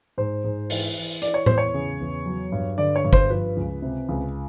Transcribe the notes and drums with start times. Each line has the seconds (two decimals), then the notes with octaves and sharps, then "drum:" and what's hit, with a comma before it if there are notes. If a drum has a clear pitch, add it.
0.18 G#2 C5
0.44 G#2
0.70 E3, drum: open hi-hat
0.96 E3
1.22 E3 D5, drum: hi-hat
1.34 C#5
1.46 E2 C5, drum: tom A2
1.58 C#5
1.74 C#3
2.00 E2
2.26 F#3
2.52 G2
2.78 D3 D5
2.96 C#5
3.04 G2
3.13 C5, drum: kick G1
3.30 F3 B4
3.56 C#2
3.82 C3
4.09 C#2